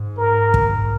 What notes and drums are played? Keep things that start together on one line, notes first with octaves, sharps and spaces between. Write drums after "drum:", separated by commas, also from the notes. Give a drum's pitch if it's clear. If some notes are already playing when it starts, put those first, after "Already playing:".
Already playing: G#2
A#4
drum: kick